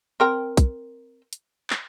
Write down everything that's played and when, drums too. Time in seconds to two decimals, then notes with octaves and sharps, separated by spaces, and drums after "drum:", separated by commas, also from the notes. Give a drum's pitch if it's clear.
0.20 C4 A#4 G5
0.57 drum: kick, hi-hat
1.33 drum: hi-hat
1.70 drum: clap